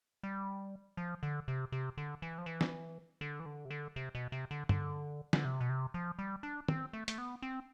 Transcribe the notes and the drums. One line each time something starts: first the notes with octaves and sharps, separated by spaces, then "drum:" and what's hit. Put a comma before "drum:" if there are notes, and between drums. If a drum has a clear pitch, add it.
G3
F3
D3
C3
C3
D3
E3
F3
E3
drum: snare
D3
E3
D3
C3
D3
C3
B2
C3
D3
D3, drum: tom G2
D3, drum: snare
C3
B2
C3
F3
G3
D4
C4, drum: tom
A3
A3, drum: hi-hat
B3
C4